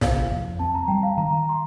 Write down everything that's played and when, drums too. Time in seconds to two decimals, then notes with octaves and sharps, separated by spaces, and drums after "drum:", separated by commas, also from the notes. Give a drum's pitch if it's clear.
0.01 C3 F5, drum: snare
0.31 F2
0.59 C4 A5
0.75 A#5
0.88 G3 G5
1.03 F5
1.17 D#3 A#5
1.37 A#5
1.49 C6